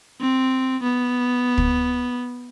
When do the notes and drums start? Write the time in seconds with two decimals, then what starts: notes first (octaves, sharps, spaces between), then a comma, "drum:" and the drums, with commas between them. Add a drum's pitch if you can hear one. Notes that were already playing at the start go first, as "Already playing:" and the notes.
0.21 C4
0.83 B3
1.58 drum: kick